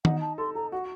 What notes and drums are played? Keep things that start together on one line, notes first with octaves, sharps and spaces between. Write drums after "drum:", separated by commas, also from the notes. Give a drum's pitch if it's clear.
D#4 F#5, drum: tom D#3
A5
A4 C6
A4 A#5
F#4 F#5